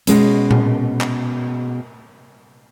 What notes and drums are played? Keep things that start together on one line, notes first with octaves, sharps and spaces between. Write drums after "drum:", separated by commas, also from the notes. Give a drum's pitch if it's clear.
B2 G#3 C#4, drum: hi-hat
drum: tom A#2
drum: clap